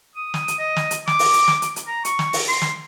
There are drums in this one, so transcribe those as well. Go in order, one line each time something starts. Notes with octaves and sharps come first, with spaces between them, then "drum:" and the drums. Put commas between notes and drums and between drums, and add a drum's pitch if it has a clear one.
D#6
drum: snare
drum: hi-hat
D#5
drum: snare
drum: hi-hat
D6, drum: snare
drum: open hi-hat
drum: hi-hat
drum: snare
drum: hi-hat
drum: hi-hat
A#5
C#6, drum: hi-hat
drum: snare
drum: open hi-hat
C6
drum: snare